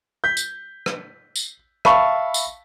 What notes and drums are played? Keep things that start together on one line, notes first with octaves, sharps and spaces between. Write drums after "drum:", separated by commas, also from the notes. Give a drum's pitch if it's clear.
G6 B6
drum: tambourine
drum: rim click
drum: tambourine
E5 F5 A5 B5 C#6, drum: rim click
drum: tambourine